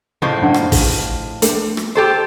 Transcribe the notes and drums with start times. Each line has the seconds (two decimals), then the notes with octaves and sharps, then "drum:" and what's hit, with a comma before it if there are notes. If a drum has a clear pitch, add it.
0.22 F2 A2 C#3 F3
0.42 F#2 D4 F#5
0.54 drum: rim click
0.72 drum: kick, open hi-hat
1.42 A3 D4, drum: hi-hat
1.77 drum: rim click
1.95 G4 A4 C5